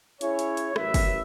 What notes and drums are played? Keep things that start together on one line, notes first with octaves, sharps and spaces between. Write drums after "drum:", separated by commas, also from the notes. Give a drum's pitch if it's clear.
C#4 E4 G#4 C#5, drum: hi-hat
drum: hi-hat
drum: hi-hat
A1 F#2 E4 B4 E5, drum: rim click
drum: kick, open hi-hat